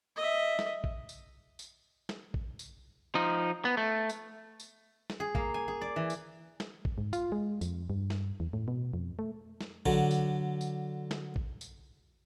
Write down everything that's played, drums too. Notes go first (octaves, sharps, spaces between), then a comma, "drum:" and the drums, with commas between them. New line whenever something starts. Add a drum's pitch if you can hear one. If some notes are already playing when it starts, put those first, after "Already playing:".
D#5 E5
drum: snare
drum: kick A1
drum: tambourine
drum: tambourine
drum: snare
drum: kick A1
drum: tambourine
F3 D#4
B3
A3
drum: tambourine
drum: tambourine
drum: snare
G#4
A#3, drum: kick A1
G#5
G#4
D5
E3
drum: tambourine
drum: snare
drum: kick A1
G#2
F4, drum: tambourine
G#3
F2, drum: tambourine
G2
drum: snare
E2
A2
B2
F2
A3
drum: snare
D3 F#3, drum: kick A1
drum: tambourine
drum: tambourine
drum: snare
drum: kick A1
drum: tambourine